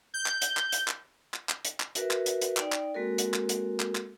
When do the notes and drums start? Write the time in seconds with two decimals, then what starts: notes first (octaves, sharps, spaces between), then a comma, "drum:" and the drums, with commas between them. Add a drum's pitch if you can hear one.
0.14 G6
0.26 drum: clap
0.42 drum: hi-hat
0.57 drum: clap
0.72 drum: hi-hat
0.88 drum: clap
1.34 drum: clap
1.49 drum: clap
1.65 drum: hi-hat
1.80 drum: clap
1.95 F#4 A#4 B4 E5, drum: hi-hat
2.11 drum: clap
2.26 drum: hi-hat
2.41 drum: hi-hat
2.57 D#4 D5 G5, drum: clap
2.72 drum: clap
2.95 G#3 A#3 C4 F#4 A4 A#4
3.18 drum: hi-hat
3.34 drum: clap
3.49 drum: hi-hat
3.80 drum: clap
3.95 drum: clap